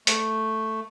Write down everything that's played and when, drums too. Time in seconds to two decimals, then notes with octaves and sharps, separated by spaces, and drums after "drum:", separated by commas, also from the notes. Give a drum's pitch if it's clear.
0.07 A3, drum: hi-hat